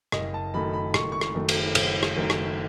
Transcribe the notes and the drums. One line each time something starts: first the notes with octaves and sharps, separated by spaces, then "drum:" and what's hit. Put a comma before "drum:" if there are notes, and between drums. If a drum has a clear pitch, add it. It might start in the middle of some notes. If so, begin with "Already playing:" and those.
F#1 D#5, drum: rim click
A5
F#2 D#3 A3 B5
B5
F#1 C#6, drum: rim click
C#6
drum: rim click
F#2 D#3 A3
drum: cymbal
F#1, drum: cymbal
drum: rim click
F#2 D#3 A3
drum: rim click